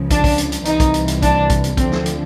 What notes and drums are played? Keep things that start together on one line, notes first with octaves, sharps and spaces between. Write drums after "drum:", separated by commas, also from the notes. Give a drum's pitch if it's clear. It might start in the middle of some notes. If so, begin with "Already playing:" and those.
Already playing: C#2 C#3 F3
D4, drum: kick, hi-hat
drum: kick, open hi-hat
drum: hi-hat
drum: hi-hat
C2 C3 E3 D#4, drum: hi-hat
drum: kick, hi-hat
drum: hi-hat
drum: hi-hat
D4, drum: kick, hi-hat
drum: kick, hi-hat
drum: hi-hat
D2 D3 F3 C4, drum: kick, hi-hat
drum: snare
drum: hi-hat